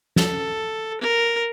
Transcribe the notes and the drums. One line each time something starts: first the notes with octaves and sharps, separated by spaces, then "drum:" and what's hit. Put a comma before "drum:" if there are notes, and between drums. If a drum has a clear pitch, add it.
A4, drum: snare
A#4